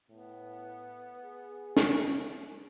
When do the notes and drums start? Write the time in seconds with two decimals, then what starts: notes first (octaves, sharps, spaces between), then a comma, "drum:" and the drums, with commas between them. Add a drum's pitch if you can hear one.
0.10 A2 B3
1.25 G#4
1.77 drum: snare